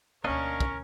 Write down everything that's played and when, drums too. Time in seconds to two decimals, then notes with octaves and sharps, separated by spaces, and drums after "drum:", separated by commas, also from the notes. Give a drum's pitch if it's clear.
0.24 D2 B2 A#3 C#4 D4 A#4 C#5 D#5
0.60 drum: kick